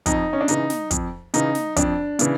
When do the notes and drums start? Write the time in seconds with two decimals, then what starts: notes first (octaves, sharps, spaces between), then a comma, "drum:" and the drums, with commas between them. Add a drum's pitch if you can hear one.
0.06 F2 D#4, drum: kick, hi-hat
0.33 C#4
0.41 D4
0.48 C#3 E3 D#4, drum: hi-hat
0.70 drum: snare
0.91 F2, drum: kick, hi-hat
1.34 C#3 E3 D#4, drum: hi-hat
1.55 drum: snare
1.76 F2 D4, drum: kick, hi-hat
2.19 C#3 E3, drum: hi-hat